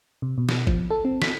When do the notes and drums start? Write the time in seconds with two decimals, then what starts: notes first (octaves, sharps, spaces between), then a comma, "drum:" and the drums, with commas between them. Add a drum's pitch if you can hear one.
0.22 C3
0.38 B2
0.49 drum: snare
0.67 F3, drum: kick G1
0.90 A4
1.05 C4
1.22 B6, drum: snare